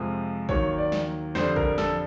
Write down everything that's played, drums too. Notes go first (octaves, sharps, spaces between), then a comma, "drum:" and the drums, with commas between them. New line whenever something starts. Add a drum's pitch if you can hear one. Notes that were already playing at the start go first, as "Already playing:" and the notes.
Already playing: F2 C3 F3 G#3
D#2 D#3 F#3 C#5, drum: kick
D5
drum: snare
F2 D3 G3 C5, drum: snare
A#4, drum: kick
A4, drum: snare